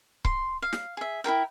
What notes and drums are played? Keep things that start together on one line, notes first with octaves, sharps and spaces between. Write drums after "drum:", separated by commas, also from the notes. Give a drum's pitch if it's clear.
C6, drum: kick C#1
F5
drum: snare
G#4 E5
E4 G#4 A#4 G5